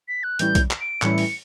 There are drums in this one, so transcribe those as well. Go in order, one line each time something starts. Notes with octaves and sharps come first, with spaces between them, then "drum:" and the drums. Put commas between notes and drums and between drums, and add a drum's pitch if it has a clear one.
B6
F#6
A2 E3 G3 C#4 E4 G6, drum: hi-hat
drum: kick B1, hi-hat
drum: clap
D7
A2 E3 G3 C#4 E4 C#7, drum: clap
drum: open hi-hat